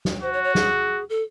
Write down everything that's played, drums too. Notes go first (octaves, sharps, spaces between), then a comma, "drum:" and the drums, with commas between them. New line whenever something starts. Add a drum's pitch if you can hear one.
drum: snare
F#4 C5
C#5
C#5
G#4, drum: snare
A4